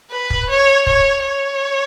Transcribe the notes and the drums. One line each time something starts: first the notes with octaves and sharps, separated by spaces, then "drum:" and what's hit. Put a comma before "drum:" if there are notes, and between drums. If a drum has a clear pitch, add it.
B4
drum: kick
C#5
C#5, drum: kick
C#5